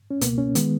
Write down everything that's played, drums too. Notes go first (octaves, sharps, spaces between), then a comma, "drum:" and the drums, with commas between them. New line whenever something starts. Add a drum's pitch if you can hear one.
C#4
C#2 B2 A#3 B3, drum: hi-hat
C#4
D#3 G#3 B3, drum: hi-hat